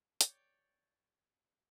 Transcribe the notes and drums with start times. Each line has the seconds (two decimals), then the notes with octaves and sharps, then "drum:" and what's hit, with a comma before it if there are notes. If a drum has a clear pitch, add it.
0.21 C#5 D5 G5, drum: hi-hat